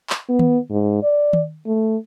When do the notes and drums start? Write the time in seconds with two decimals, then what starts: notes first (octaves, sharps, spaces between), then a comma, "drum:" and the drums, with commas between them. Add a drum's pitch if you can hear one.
0.10 drum: clap
0.29 B3
0.39 drum: tom D#3
0.70 G#2
1.03 D5
1.33 drum: tom D#3
1.66 A3